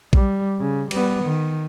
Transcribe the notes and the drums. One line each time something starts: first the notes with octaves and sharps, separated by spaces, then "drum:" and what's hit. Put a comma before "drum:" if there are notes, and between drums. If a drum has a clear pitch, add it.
G3, drum: kick A#1
C#3
G3 B3, drum: cymbal
D#3